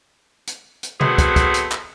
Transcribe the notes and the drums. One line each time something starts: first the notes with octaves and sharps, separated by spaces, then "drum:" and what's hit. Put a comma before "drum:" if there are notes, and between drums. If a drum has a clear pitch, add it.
drum: hi-hat
drum: hi-hat
F#3 A3 B3 C4 F#4 G#4, drum: tom B2
drum: kick, hi-hat
drum: kick, hi-hat
drum: hi-hat
drum: clap